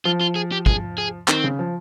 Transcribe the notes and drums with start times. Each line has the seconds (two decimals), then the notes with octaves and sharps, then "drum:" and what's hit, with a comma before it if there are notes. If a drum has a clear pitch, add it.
0.05 F3 F4
0.21 F4
0.36 G#4
0.52 G4
0.66 G#4, drum: kick
0.98 G#4
1.28 D#3 C4, drum: clap
1.44 C#3
1.59 F3